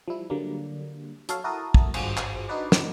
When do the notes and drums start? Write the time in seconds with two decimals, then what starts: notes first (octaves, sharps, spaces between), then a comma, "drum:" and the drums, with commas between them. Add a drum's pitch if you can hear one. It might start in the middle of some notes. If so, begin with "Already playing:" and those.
0.08 F3 G3 E4
0.30 D3 F#3 G3 A#3
1.29 F#3 A4 C#5 F5, drum: hi-hat
1.44 E4 F#4 A4 A#4 A5 D#6
1.74 drum: kick
1.94 G#1 G2 F4 F#4 G#4 C5, drum: cymbal
2.17 drum: clap
2.49 D4 D#4 F#4 B4 D5
2.72 drum: snare